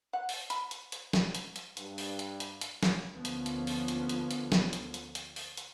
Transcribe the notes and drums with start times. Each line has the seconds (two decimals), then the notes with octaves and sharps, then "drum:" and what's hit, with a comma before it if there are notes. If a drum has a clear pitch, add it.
0.13 F#5
0.29 drum: open hi-hat
0.50 B5, drum: hi-hat
0.71 drum: hi-hat
0.92 drum: hi-hat
1.13 drum: snare
1.35 drum: hi-hat
1.56 drum: hi-hat
1.77 G2, drum: hi-hat
1.98 drum: open hi-hat
2.19 drum: hi-hat
2.40 drum: hi-hat
2.61 drum: hi-hat
2.83 drum: snare
3.11 D2 D3 F3 A#3 B3 C#4
3.25 drum: hi-hat
3.46 drum: hi-hat
3.67 drum: open hi-hat
3.88 drum: hi-hat
4.09 drum: hi-hat
4.31 drum: hi-hat
4.52 drum: snare
4.73 drum: hi-hat
4.94 drum: hi-hat
5.15 drum: hi-hat
5.36 drum: open hi-hat
5.57 drum: hi-hat